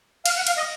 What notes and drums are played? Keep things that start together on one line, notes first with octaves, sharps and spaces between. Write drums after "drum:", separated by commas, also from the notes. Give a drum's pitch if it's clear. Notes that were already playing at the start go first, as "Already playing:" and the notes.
F5, drum: cymbal
F#5
F5, drum: cymbal
D#5